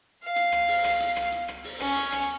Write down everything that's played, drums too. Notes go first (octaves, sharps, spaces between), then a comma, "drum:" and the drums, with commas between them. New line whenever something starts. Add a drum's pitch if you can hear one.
F5
drum: hi-hat
drum: rim click
drum: open hi-hat
drum: rim click
drum: hi-hat
drum: rim click
drum: hi-hat
drum: rim click
drum: open hi-hat
C#4, drum: rim click
drum: hi-hat
drum: rim click